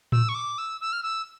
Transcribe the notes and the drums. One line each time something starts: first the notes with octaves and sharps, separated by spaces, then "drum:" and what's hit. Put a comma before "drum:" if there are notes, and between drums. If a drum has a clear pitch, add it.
E6, drum: tom A2
C#6
D6
E6
E6
F6
E6